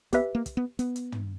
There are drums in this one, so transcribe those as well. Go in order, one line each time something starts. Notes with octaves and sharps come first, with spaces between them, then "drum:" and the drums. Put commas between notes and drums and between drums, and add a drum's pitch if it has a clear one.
B3 G4 B4 E5, drum: kick, hi-hat
A#3
drum: kick, hi-hat
B3
B3, drum: hi-hat
drum: hi-hat
drum: tom